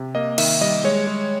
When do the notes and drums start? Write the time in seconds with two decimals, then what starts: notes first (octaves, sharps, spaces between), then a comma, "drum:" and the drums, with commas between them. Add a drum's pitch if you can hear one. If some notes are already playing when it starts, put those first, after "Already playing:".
Already playing: C3
0.15 A#3 D#5
0.38 D#3 E5, drum: cymbal
0.61 G3 D#5
0.84 G#3 C#5
1.07 G#3